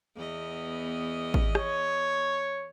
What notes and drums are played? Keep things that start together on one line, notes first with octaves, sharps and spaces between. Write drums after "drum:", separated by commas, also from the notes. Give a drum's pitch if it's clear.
E2 B3 D#5
drum: kick G#1
C#5, drum: rim click